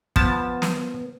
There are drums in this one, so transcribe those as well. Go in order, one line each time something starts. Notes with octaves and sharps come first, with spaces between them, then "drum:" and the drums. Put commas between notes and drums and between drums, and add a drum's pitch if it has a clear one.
F3 B3 A5, drum: kick
drum: snare